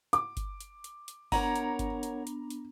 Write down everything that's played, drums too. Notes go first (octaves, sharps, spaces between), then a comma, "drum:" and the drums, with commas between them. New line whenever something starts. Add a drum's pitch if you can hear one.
D6, drum: hi-hat
drum: kick G1, hi-hat
drum: hi-hat
drum: hi-hat
drum: hi-hat
B3 D4 A#4 C#5 F#5 A#5, drum: kick G1, open hi-hat
drum: hi-hat
drum: kick G1, hi-hat
drum: hi-hat
drum: hi-hat
drum: hi-hat